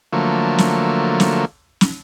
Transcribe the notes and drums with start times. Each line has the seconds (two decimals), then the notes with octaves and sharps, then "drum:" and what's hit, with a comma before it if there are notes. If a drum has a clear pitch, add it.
0.13 D3 F3 F#3 A3 A#3
0.58 drum: snare
1.20 drum: snare
1.81 drum: snare